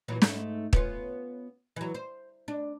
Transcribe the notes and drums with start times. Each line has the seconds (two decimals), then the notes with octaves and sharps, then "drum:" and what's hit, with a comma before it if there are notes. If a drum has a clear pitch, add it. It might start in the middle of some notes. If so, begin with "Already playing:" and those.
0.08 A#2 E3 F#3
0.22 G#2 A3, drum: snare
0.73 B3 C#4 F4, drum: kick
1.76 E3 F#3
1.94 C5
2.48 D4